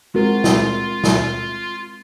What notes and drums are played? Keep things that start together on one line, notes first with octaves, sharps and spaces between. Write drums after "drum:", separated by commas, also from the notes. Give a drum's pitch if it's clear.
G#3 C4 F4 F#4 A#4
drum: snare
drum: snare